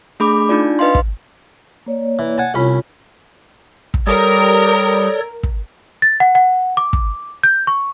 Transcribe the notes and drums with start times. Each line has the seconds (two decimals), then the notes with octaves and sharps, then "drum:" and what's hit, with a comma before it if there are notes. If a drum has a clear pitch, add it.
0.20 A3 D4 G#4 B5 D6
0.49 D4 D#4 F4 D5
0.79 B4 D#5 F5 C6
0.95 drum: kick
1.86 A#3 C#5 D5
2.19 E3
2.38 F#5 G#5 A5
2.54 C2 C#4 F4 C#5 B5
3.94 drum: kick
4.07 G3 A4 A#4 C#5 D5 D#6
5.43 drum: kick
6.02 A6
6.20 F#5
6.35 F#5
6.77 D6
6.93 drum: kick
7.43 G6
7.67 C#6